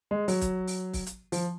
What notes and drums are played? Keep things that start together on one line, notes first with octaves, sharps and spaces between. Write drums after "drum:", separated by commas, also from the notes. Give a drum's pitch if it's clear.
G#3
F#3, drum: open hi-hat
drum: kick, hi-hat
drum: open hi-hat
drum: kick, open hi-hat
drum: hi-hat
F3, drum: open hi-hat